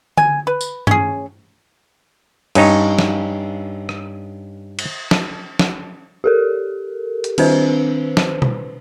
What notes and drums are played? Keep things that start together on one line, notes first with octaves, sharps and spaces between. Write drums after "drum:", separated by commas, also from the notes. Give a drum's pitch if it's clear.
G#5, drum: tom D3
B4
drum: tambourine
C#4 G#4, drum: tom G2
G2 C#4 D#4 C#5, drum: cymbal
drum: snare
drum: rim click
drum: cymbal
drum: snare
drum: snare
G4 A4 A#4
drum: hi-hat
D#3 C4 D4 B4 C5, drum: cymbal
drum: snare
drum: tom B2